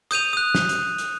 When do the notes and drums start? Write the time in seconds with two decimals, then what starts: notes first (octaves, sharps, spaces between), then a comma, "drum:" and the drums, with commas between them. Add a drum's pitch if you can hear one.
0.11 D#6 G6 D#7 F7, drum: hi-hat
0.33 D#6 F#6
0.55 drum: snare
0.69 drum: hi-hat
0.98 drum: hi-hat